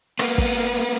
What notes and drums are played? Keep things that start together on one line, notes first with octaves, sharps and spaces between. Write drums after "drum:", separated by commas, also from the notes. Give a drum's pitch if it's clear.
A#3 B3, drum: rim click
drum: kick, hi-hat
drum: hi-hat
drum: hi-hat